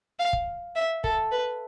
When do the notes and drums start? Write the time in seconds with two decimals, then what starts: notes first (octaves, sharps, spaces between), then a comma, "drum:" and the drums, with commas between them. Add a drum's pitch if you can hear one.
0.19 F5
0.33 drum: kick
0.76 E5
1.04 A4, drum: kick
1.32 B4